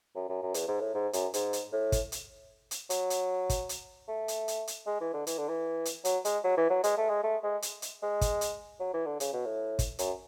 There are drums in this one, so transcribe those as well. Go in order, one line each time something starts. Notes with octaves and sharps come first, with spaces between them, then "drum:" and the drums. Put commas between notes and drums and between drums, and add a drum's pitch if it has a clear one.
F#2
F#2
F#2
E2, drum: hi-hat
G#2
A2
G#2
F#2, drum: hi-hat
G#2, drum: hi-hat
drum: hi-hat
A2
drum: kick, hi-hat
drum: hi-hat
drum: hi-hat
F#3, drum: hi-hat
drum: hi-hat
drum: kick, hi-hat
drum: hi-hat
A3
drum: hi-hat
drum: hi-hat
drum: hi-hat
G#3
E3
D3
E3, drum: hi-hat
D3
E3
drum: hi-hat
F#3, drum: hi-hat
G#3, drum: hi-hat
F#3
E3
F#3
G#3, drum: hi-hat
A3
G#3
A3
G#3
drum: hi-hat
drum: hi-hat
G#3
drum: kick, hi-hat
drum: hi-hat
F#3
E3
D3
C#3, drum: hi-hat
B2
A2
drum: kick, hi-hat
F#2, drum: hi-hat